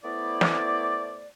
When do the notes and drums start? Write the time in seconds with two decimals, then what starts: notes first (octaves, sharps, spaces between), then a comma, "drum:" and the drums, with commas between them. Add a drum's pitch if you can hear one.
0.04 A3 B3 E4 C5 D5
0.41 drum: snare